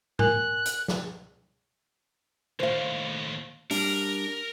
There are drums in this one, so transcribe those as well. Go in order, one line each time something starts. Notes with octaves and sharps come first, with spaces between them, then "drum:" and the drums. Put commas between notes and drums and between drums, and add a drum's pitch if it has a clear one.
A#4 G#5 F#6, drum: tom G#2
drum: hi-hat
drum: snare
D#2 A2 C5 F5
G3 D4 A#4, drum: open hi-hat